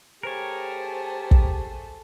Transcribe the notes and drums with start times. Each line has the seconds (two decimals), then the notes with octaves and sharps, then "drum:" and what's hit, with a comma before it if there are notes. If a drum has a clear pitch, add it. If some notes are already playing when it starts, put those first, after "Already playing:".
0.23 A3 G4 G#4 A#4 C5 C#5 A5
1.31 drum: kick